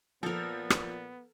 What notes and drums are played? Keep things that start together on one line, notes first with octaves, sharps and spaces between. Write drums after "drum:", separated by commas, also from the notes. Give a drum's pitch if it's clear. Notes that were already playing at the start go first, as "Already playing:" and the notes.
A#2 F3 B3 A4 A#4 F7
drum: rim click